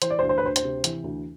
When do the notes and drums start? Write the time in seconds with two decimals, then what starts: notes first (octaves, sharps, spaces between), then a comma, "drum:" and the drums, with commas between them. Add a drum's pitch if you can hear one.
0.02 E3 C5, drum: hi-hat
0.10 D5
0.19 C5
0.22 D2
0.29 C5
0.38 B4
0.43 D2 C5
0.56 C5, drum: hi-hat
0.63 C3
0.84 E3, drum: hi-hat
1.04 D2